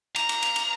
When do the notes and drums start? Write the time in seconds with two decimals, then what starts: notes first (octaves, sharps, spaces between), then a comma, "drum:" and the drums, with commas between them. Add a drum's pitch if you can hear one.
0.16 A#5, drum: cymbal
0.29 drum: cymbal
0.42 drum: cymbal
0.56 drum: cymbal